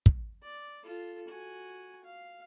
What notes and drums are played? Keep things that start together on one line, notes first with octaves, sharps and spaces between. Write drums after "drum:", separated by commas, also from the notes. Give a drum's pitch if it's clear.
drum: kick
D5
F4 A4
F#4 G#5
F5